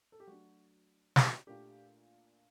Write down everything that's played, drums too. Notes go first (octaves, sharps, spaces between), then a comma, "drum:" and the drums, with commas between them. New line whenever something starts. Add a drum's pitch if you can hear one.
A4
G4
F#3 A3 D4 F#4
drum: snare
A#2 A3 D4 G4